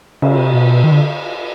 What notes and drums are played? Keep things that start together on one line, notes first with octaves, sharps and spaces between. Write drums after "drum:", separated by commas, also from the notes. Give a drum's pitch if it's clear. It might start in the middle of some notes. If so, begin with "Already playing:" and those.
C#3, drum: cymbal
C3
B2
D#3
D3